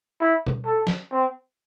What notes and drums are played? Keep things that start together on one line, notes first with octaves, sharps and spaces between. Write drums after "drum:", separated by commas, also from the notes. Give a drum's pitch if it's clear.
E4
drum: tom B2
A4
drum: snare
C4